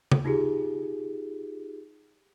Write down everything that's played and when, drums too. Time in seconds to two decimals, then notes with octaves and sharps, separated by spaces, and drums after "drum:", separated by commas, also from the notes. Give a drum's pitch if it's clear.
0.12 drum: tom C#3
0.25 D#4 F4 G4 G#4